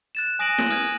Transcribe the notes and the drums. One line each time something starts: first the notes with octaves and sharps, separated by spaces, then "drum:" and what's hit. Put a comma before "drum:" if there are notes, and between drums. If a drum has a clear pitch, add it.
F#6 A6 E7
G#5 D#6 A#6 D7 D#7 F#7
drum: snare
D#6 F6 G6 G#6 D#7